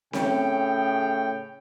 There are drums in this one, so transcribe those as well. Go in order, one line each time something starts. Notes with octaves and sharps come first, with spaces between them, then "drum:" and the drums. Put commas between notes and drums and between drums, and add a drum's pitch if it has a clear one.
A2 C#3 C#4 G5, drum: snare C4